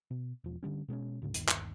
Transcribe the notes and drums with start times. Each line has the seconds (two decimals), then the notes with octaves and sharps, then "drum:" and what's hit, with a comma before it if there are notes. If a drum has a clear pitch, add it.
0.11 B2
0.44 E1 F3
0.63 D3 F#3 G3 C#4
0.88 B2 G#3 B3 C#4
1.22 D2 G#2 C#3
1.34 G1 D#2, drum: hi-hat
1.48 drum: clap